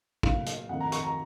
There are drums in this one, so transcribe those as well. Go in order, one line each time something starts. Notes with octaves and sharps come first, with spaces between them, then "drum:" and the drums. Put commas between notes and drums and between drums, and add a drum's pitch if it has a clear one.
A#2 F#3 A3 F5, drum: kick
drum: hi-hat
F2 D#3 A3 F#5
A#5
C#6, drum: hi-hat
A#5